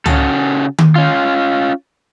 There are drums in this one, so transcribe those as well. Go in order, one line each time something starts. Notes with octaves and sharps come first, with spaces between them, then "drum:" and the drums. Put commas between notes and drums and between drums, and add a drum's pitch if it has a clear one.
C#3 C#4 F#4 G#4 A4, drum: tom
drum: tom D#3
C#4 F4